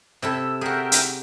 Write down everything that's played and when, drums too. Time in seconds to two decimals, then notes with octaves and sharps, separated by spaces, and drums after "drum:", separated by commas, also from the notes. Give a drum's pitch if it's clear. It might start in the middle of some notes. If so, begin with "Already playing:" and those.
0.22 C3 E4 A4 E6
0.61 F#4 G#4 A#4 E5 G5
0.92 drum: hi-hat